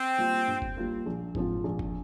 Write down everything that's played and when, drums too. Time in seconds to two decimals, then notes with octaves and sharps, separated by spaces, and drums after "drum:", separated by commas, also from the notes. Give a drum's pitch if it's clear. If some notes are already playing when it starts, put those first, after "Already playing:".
Already playing: C4
0.18 G3 A#3 F4 A#4
0.48 G2
0.62 drum: kick F#1
0.76 G3 A#3 F4 A#4
1.06 A#1
1.35 G#2 F3 C4 F4, drum: kick F#1
1.64 A#1
1.79 drum: kick F#1